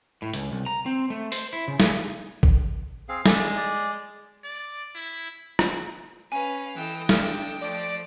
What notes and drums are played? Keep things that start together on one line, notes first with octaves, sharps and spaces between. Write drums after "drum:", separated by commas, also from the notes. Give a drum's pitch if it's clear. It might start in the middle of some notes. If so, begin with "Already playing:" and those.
A2
C#2, drum: hi-hat
C2
A#5
C4
A3
C5, drum: open hi-hat
E4
C#3
G#4, drum: snare
drum: kick A1
C4 G#4 F5
G#3 D5, drum: snare
D5
D5
E4
drum: rim click
C#4 B4 F5 G#5
E3 A4 D#5 G5
D4 A4 F6, drum: snare
F3 A3 D5